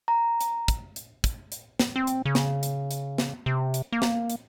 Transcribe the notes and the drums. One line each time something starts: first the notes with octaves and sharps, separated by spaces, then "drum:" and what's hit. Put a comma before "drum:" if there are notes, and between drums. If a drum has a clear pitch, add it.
A#5
drum: hi-hat
drum: kick, hi-hat
drum: hi-hat
drum: kick, hi-hat
drum: hi-hat
drum: snare
C4
drum: hi-hat
C#3
drum: snare
drum: hi-hat
drum: hi-hat
drum: snare
C3
drum: hi-hat
A#3
drum: snare
drum: hi-hat